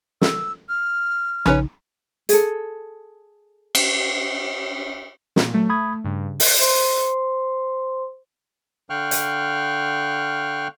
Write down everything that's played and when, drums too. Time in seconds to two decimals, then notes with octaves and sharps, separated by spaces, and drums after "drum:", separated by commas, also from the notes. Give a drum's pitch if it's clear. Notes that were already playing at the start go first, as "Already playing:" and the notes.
0.21 A4 E6, drum: snare
0.69 F6
1.46 A#1 C#3 C#4 D#4 B4 C#5, drum: rim click
2.29 G#4 A4, drum: hi-hat
3.75 drum: cymbal
5.36 A#2, drum: snare
5.54 F#3 A3
5.70 B5 D#6 G#6
6.04 G2 C#3
6.40 drum: open hi-hat
6.59 C5 C6
8.90 D3 F5 G5 C#6 F6 F#6
9.11 drum: hi-hat